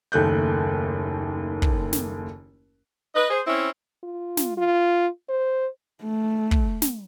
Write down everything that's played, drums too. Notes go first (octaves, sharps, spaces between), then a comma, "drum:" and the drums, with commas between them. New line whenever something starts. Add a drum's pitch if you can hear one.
F#1 D#2 A3 F#6 G6
drum: kick
drum: snare
B4 D#5
G#4 C5
C4 C#4 E4
F4
drum: snare
F4
C5
A3
drum: kick
drum: snare